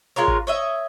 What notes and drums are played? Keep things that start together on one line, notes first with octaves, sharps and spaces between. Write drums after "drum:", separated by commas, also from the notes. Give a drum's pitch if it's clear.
G#3 F4 A#4 C#5
drum: kick G#1
C#5 D#5 E5